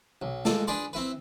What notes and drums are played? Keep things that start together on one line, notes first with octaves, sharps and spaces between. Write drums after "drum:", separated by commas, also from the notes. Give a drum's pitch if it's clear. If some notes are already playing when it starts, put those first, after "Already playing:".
B1
G#3 A#3 A4, drum: snare
D4 G#4 B4 D5 C6
C4 E4 B4